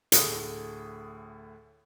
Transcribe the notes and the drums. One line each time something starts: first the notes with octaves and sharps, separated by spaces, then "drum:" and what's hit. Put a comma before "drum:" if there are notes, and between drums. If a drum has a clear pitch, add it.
D2 A2 G#4 A4 D#6, drum: hi-hat